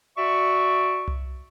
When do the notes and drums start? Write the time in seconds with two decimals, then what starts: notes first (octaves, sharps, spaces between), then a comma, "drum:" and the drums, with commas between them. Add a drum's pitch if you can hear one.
0.17 F#4 D5 E5 C#6
1.08 drum: tom C2